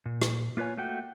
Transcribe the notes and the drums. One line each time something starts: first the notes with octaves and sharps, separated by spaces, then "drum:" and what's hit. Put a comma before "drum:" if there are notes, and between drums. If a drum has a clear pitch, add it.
A#2
drum: rim click
A#3 F4 B4 C#5 G#5
A3 A#3 F#4 G5